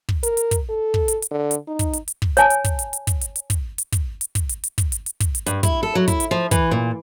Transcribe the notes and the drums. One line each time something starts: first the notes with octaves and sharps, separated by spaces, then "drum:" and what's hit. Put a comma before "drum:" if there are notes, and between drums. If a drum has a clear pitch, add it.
drum: kick
A#4, drum: hi-hat
drum: hi-hat
drum: kick, hi-hat
A4
drum: kick
drum: hi-hat
drum: hi-hat
D3
drum: hi-hat
D#4
drum: kick, hi-hat
drum: hi-hat
drum: hi-hat
drum: kick
C#5 G#5 A5, drum: hi-hat
drum: hi-hat
drum: kick, hi-hat
drum: hi-hat
drum: hi-hat
drum: kick, hi-hat
drum: hi-hat
drum: hi-hat
drum: kick, hi-hat
drum: hi-hat
drum: kick, hi-hat
drum: hi-hat
drum: kick, hi-hat
drum: hi-hat
drum: hi-hat
drum: kick, hi-hat
drum: hi-hat
drum: hi-hat
drum: kick, hi-hat
drum: hi-hat
G2, drum: hi-hat
E4, drum: kick, hi-hat
A4
F#3
E4, drum: kick, hi-hat
drum: hi-hat
F3
E3, drum: kick, hi-hat
A#2